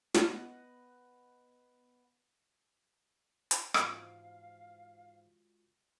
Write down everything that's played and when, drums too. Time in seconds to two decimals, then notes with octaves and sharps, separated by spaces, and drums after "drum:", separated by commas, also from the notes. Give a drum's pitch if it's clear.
0.14 B3 D#5 F#5, drum: snare
3.51 drum: hi-hat
3.74 G#2 E3 F3 G#3 F4 F#4 F5, drum: rim click